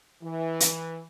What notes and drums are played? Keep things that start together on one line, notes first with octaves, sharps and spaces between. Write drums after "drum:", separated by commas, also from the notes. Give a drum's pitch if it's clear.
E3
drum: hi-hat